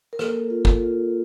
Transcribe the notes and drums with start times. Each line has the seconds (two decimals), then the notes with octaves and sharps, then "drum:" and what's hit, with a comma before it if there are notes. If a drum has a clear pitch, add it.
0.13 A#4
0.19 A#3 A4, drum: rim click
0.50 F4
0.65 drum: kick
0.80 F4